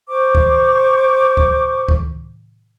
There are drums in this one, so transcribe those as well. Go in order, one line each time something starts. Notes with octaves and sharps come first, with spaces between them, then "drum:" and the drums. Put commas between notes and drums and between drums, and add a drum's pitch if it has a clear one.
C5 C#6 D6
drum: kick C#2
drum: kick C#2
drum: kick C#2